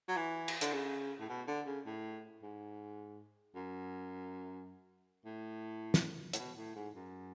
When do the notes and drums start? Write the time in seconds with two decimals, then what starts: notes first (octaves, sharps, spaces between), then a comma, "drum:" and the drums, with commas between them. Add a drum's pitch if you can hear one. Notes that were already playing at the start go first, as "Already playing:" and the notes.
0.08 F#3
0.16 E3
0.48 drum: cymbal
0.61 D3, drum: hi-hat
0.73 C#3
1.20 A2
1.29 B2
1.47 D3
1.66 C#3
1.86 A2
2.43 G#2
3.56 F#2
5.25 A2
5.94 drum: snare
6.33 A2, drum: hi-hat
6.39 B2
6.57 A2
6.76 G#2
6.95 F#2